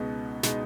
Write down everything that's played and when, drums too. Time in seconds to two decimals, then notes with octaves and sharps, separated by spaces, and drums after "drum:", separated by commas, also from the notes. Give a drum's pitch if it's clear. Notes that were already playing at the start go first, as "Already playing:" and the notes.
Already playing: C#2 B2 G#3 B3 D#4
0.43 B2 G#3 B3 D#4, drum: snare